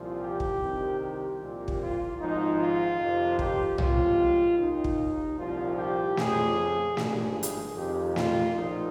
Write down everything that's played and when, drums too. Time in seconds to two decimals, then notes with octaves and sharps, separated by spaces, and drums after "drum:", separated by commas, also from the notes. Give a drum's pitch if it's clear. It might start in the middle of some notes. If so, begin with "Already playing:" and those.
Already playing: C2 A#2 F3
0.21 G4
0.40 drum: kick
0.60 C2 C3 D#3
1.00 G4
1.40 C2 A#2 F3
1.68 drum: kick
1.80 F4
2.20 G#1 G#2 F3 D#4
2.60 F4
3.00 F2 C3 D#3
3.39 G4, drum: kick
3.78 C#2 C3 F3 F4, drum: tom
4.58 D#2 D#3 D#4
4.84 drum: kick
5.38 C2 A#2 F3 F4
5.77 G4
6.17 F2 C#3 F3 G#4, drum: snare
6.97 G#1 G2 F3 G#4, drum: snare
7.43 drum: hi-hat
7.77 F2 C3 D#3 G4
8.16 F4, drum: snare
8.56 A#1 A#2 F3 D#4